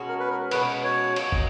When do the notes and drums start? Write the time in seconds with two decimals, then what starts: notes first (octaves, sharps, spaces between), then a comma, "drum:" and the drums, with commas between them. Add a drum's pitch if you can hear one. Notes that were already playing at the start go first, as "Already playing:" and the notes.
Already playing: B2 G#3 C#4 F#4
0.08 A#4
0.20 B4
0.30 A#4
0.51 B2 G#3 C#4 F#4 B4, drum: cymbal
0.84 C#5
1.16 F#3 A#3 D#4, drum: cymbal
1.32 drum: kick